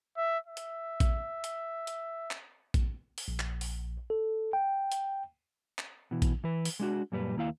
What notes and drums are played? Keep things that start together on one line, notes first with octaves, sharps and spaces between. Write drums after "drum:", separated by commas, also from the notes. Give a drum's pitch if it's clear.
E5
E5
drum: hi-hat
drum: kick A#1, hi-hat
drum: hi-hat
drum: hi-hat
drum: clap
drum: kick A#1, hi-hat
drum: open hi-hat
A#1
drum: clap
drum: open hi-hat
A4
G5
drum: hi-hat
drum: clap
B2 E3
drum: kick A#1, hi-hat
E3 B4
drum: open hi-hat
G#3 D4 F#4
F#2 A#2 G3 B4
D#2 A#3 E4 F5